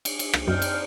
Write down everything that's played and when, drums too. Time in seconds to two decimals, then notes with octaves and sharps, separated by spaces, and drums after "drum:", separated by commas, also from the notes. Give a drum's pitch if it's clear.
0.05 drum: cymbal
0.19 drum: cymbal
0.33 drum: rim click
0.48 F#2 C4 D4 D#4 G5 F6 G6
0.62 drum: cymbal